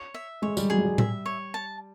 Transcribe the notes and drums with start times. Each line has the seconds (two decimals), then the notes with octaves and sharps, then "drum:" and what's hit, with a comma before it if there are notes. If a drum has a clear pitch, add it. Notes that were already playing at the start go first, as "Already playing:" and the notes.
Already playing: C#5
0.14 E5
0.42 G#3 C#5
0.57 G3, drum: tambourine
0.70 F#3 G#4
0.78 G#3
0.85 G3
0.98 E5, drum: tom A2
1.26 C#5
1.54 A5